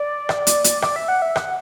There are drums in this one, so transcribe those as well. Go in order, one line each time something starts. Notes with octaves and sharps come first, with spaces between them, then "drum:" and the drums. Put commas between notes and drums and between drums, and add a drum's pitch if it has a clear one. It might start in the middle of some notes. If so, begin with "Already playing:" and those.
Already playing: D5
drum: rim click
drum: hi-hat
drum: hi-hat
D5, drum: rim click
E5
F#5
E5
F#5, drum: rim click